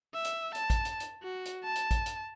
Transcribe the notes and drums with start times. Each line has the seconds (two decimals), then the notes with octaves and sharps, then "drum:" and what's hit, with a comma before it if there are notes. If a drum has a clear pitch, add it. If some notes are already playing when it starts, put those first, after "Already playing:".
0.14 E5
0.25 drum: hi-hat
0.55 A5, drum: hi-hat
0.70 drum: kick A1, hi-hat
0.85 drum: hi-hat
1.00 drum: hi-hat
1.23 F#4
1.45 drum: hi-hat
1.64 A5
1.76 drum: hi-hat
1.91 drum: kick A1, hi-hat
2.06 drum: hi-hat